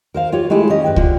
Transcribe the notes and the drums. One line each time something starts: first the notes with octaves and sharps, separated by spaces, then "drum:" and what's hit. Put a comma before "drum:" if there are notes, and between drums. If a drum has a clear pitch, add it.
A#4 C5 F5
F4 G4 C#5
G#3 A3 E4 G4 G#4
C#4 D#5
G2 B4 G5
D3 F3, drum: kick